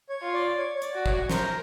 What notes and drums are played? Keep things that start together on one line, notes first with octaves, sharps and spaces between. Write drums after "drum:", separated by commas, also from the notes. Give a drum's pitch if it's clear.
C#5
F4
D5
C#5
C#5
D5, drum: hi-hat
F#4
C#5, drum: kick
A#4 C5, drum: snare